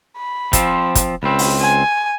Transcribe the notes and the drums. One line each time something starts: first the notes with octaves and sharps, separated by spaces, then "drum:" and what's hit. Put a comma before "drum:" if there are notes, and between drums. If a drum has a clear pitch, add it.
B5
F3 C4, drum: kick, hi-hat
drum: kick, hi-hat
C#2 C4 B5
drum: open hi-hat
G#5